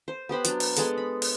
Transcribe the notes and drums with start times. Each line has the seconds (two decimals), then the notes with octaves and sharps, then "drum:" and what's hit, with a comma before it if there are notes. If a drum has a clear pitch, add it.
0.08 C5
0.29 B3 G4 C5 B5
0.45 F#3 D4, drum: hi-hat
0.60 drum: open hi-hat
0.77 G#3 B3 G#4 A4, drum: hi-hat
0.98 B5
1.22 drum: open hi-hat